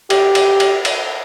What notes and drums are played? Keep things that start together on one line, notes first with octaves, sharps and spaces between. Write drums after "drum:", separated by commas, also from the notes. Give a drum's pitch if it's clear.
G4, drum: cymbal
drum: cymbal
drum: cymbal
drum: cymbal